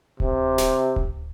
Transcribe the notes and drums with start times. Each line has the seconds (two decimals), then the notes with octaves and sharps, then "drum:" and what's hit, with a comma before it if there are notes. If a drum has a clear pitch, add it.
0.20 C3, drum: kick D1
0.58 drum: snare
0.96 drum: kick D1